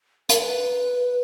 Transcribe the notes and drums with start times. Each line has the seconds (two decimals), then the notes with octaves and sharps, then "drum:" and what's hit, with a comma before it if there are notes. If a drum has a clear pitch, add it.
0.29 A#4, drum: hi-hat
0.40 B4